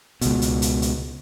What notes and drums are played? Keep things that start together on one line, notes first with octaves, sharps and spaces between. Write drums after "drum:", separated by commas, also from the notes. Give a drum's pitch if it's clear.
C#2 B2, drum: hi-hat
drum: hi-hat
drum: hi-hat
drum: hi-hat